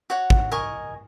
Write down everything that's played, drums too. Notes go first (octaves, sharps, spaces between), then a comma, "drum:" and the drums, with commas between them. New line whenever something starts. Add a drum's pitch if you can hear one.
F#4 C#5 F#5
drum: kick
A#4 D#5 G#5 C#6